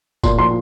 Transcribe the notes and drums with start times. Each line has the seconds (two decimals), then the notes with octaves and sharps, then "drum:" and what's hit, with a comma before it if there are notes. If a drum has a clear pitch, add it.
0.24 A#2 C6, drum: kick, tambourine
0.38 F3 C6